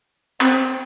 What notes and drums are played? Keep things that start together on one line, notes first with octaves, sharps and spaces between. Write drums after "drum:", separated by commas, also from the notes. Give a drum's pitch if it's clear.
C4, drum: clap